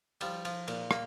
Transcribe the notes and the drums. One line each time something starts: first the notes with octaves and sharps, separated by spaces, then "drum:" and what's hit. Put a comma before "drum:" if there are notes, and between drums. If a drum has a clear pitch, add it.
F3 G3, drum: cymbal
F3, drum: cymbal
A#2, drum: cymbal
A#3, drum: rim click